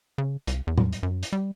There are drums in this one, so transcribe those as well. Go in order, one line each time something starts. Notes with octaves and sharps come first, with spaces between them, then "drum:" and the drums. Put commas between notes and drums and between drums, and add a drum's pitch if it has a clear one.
C#3
C2, drum: hi-hat
E2
drum: tom A2
drum: hi-hat
F#2
drum: hi-hat
G3